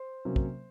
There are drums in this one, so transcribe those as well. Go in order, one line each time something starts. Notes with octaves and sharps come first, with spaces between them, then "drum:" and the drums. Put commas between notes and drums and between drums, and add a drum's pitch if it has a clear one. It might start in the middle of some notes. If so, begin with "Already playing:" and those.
Already playing: C5
C3 F#3 A#3 C#4
drum: kick